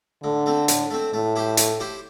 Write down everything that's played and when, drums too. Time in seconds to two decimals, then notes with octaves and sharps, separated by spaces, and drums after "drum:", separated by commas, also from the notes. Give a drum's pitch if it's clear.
0.23 A2 D3
0.46 A3 C4
0.68 A2, drum: hi-hat
0.90 A3 C4
1.13 A2 A3
1.36 E4 G4 C5
1.57 A3, drum: hi-hat
1.80 E4 G4 C5